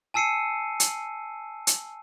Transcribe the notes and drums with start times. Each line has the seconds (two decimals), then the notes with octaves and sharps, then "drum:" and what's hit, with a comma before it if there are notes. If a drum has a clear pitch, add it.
0.14 G#5 A5 E6 C7 C#7 D#7
0.80 drum: hi-hat
1.67 drum: hi-hat